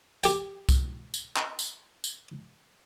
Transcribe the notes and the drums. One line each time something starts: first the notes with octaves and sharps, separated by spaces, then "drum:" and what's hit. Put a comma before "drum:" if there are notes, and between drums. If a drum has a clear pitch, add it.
G4 G5, drum: tambourine
drum: kick C2, tambourine
drum: tambourine
drum: clap
drum: tambourine
drum: tambourine